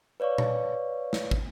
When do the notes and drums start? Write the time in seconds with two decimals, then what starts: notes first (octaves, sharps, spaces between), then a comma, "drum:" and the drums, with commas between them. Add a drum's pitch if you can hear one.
0.20 B4 C#5 D5 F5 C#6
0.38 drum: tom A#2
1.13 drum: snare
1.31 drum: kick